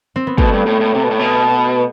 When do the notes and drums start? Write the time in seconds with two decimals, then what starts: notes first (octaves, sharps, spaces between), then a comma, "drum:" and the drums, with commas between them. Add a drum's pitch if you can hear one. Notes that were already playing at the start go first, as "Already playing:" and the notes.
0.16 C4
0.27 B3
0.38 B2 A3, drum: kick
0.52 G2
0.66 A2
0.81 A2
0.94 C3
1.03 B2
1.11 A2
1.19 B2